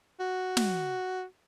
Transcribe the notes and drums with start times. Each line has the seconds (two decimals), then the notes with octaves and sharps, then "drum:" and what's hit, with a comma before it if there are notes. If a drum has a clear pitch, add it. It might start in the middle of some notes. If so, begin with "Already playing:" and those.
0.20 F#4
0.57 drum: snare